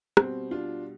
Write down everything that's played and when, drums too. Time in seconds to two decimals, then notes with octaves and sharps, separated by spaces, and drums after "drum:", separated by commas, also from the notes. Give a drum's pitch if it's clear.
0.17 B2 G3 C4, drum: rim click
0.51 D4 F4